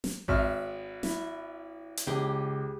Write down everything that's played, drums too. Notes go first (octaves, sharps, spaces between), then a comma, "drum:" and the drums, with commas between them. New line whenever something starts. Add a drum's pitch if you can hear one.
drum: snare
G#1 E5 F6, drum: kick A1
E4, drum: snare
drum: hi-hat
C#2 G4 G#4 G5